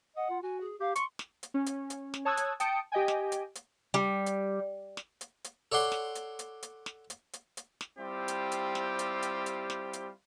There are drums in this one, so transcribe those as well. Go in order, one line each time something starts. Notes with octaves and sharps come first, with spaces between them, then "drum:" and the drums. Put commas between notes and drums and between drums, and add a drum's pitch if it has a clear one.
D#5 F#5
F4
F#4 G#5
G#4
G4 F5
C6 C#6, drum: hi-hat
drum: snare
drum: hi-hat
C#4
drum: hi-hat
drum: hi-hat
drum: snare
C#5 A5 D#6 E6 F#6 G#6
drum: hi-hat
G5 A5 D#6 C#7 D7, drum: hi-hat
G4 D#5 G5 G#5
drum: snare
drum: hi-hat
drum: hi-hat
G3
drum: hi-hat
drum: snare
drum: hi-hat
drum: hi-hat
A4 C#5 D5 F#5 C6
drum: snare
drum: hi-hat
drum: hi-hat
drum: hi-hat
drum: snare
drum: hi-hat
drum: hi-hat
drum: hi-hat
drum: snare
G3 C4 E4 F4 G4
drum: hi-hat
drum: hi-hat
drum: snare
drum: hi-hat
drum: hi-hat
drum: hi-hat
drum: snare
drum: hi-hat